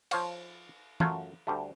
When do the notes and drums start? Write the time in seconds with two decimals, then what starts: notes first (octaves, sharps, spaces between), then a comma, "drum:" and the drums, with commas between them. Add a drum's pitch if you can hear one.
0.11 F3 C5 C#5 F5, drum: cymbal
1.00 F#2 F#3 A3 F4 C#5, drum: tom E3
1.47 D2 G3 A3